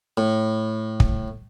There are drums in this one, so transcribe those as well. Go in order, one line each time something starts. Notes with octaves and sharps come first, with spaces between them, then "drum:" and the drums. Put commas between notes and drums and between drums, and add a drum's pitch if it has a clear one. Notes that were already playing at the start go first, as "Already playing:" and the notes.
A2
drum: kick